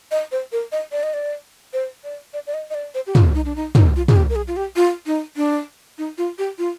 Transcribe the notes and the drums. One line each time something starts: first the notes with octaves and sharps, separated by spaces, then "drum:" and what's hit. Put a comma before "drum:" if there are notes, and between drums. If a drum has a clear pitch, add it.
D#5
C5
A#4
D#5
D5
D#5
D5
C5
D5
D5
D5
D#5
D#5
D5
C5
G4
F4, drum: tom
D#4
D4
D#4
D#4, drum: tom
F4
G#4, drum: tom
G4
A#4
G#4
F4
G4
F4
D#4
D4
D#4
F4
G4
F4